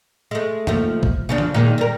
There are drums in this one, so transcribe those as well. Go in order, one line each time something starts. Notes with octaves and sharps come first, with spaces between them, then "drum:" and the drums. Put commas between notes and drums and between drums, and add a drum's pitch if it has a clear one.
G#3 A3
D#2 F3 A3, drum: tom E2
drum: kick
C#3 F3 D4
drum: tom D3
A#2 D#3 G#3
G3 A#4